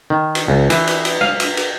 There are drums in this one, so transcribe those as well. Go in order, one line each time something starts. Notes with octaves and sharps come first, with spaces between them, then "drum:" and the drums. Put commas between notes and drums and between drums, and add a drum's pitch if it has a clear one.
D#3
drum: cymbal
C#2
E3, drum: cymbal
drum: cymbal
drum: cymbal
F5, drum: rim click
drum: cymbal
drum: cymbal